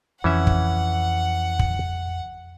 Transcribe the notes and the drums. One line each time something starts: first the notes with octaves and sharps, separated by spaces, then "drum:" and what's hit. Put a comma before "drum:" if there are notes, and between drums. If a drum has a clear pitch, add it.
F2 E3 C#4 E5 F#5
drum: kick
drum: kick